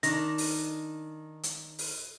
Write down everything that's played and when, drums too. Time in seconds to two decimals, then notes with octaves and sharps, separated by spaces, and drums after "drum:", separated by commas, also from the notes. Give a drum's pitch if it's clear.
0.03 D#3 D4 A#6, drum: hi-hat
0.38 drum: open hi-hat
1.43 drum: hi-hat
1.79 drum: open hi-hat